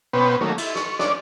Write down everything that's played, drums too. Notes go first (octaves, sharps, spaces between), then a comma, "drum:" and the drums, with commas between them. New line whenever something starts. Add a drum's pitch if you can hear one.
B2 B3 C#4 B4 C5 G5
D#3 F#3 A3 A#3 C#4
E4, drum: cymbal
C#6, drum: rim click
C#4 D4 D5, drum: rim click